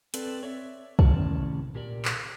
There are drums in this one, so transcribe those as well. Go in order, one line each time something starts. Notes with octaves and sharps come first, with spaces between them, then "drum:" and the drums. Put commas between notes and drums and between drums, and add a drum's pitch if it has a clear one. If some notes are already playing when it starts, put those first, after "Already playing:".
C4 A4 B4 D5, drum: hi-hat
C#5 D5 E5
A2 C3 D#3 C#4 D5 A5, drum: kick
A#2 G4 A#4 D5
drum: clap